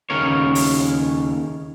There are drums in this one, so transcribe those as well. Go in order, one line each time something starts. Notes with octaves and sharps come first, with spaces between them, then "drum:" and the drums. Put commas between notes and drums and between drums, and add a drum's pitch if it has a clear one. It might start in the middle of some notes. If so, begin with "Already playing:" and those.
D#2 C#3 A#4 C#5
drum: open hi-hat